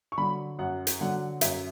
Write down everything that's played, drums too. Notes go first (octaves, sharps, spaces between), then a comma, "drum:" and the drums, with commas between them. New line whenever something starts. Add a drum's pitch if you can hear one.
C#6
D3 F#3 B5
F#2 F#5
drum: hi-hat
D3 F#3 F#5
F#2 E5, drum: hi-hat